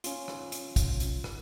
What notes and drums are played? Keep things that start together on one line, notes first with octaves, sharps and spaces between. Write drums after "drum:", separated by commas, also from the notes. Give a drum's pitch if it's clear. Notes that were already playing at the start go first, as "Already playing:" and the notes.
C#4 F4, drum: hi-hat
drum: rim click
drum: hi-hat
drum: kick, hi-hat
drum: hi-hat
drum: rim click